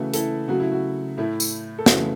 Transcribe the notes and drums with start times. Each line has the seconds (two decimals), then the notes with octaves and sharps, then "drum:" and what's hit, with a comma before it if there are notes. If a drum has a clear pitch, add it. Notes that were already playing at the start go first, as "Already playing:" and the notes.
Already playing: C#3 E3 A3 F#4
0.14 E4 A4, drum: hi-hat
0.48 C#3 F#3 A3 F#4
0.60 E4
0.72 F#4
1.17 A2 A3 E4
1.40 drum: tambourine
1.78 A4
1.86 C#3 E3 A3 F#4, drum: snare